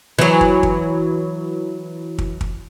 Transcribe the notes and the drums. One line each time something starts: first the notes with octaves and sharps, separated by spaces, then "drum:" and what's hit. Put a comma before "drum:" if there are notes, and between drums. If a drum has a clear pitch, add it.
E3 F#3
drum: kick
drum: kick
drum: kick
drum: kick